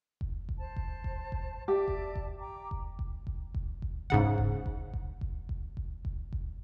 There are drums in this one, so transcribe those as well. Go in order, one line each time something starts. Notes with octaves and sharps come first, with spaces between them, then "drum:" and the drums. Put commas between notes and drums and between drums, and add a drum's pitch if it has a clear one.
drum: kick F1
drum: kick F1
C5 A5
drum: kick F1
drum: kick F1
drum: kick F1
G4 D5 E5 A5
drum: kick F1
drum: kick F1
G5 A#5 D6
drum: kick F1
drum: kick F1
drum: kick F1
drum: kick F1
drum: kick F1
G#2 C#3 F#5, drum: kick F1
drum: kick F1
drum: kick F1
drum: kick F1
drum: kick F1
drum: kick F1
drum: kick F1
drum: kick F1
drum: kick F1